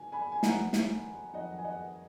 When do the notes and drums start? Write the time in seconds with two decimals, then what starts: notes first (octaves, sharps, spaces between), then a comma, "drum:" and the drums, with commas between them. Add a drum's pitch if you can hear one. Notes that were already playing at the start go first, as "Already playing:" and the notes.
Already playing: D#3 F#3 G#5
0.12 G#5 B5
0.32 G#5
0.43 F2 D#3 F#3 F#5 A#5, drum: snare
0.73 drum: snare
1.33 F2 D#3 F#3 D#5 F#5
1.58 G#5
1.64 D#5 F#5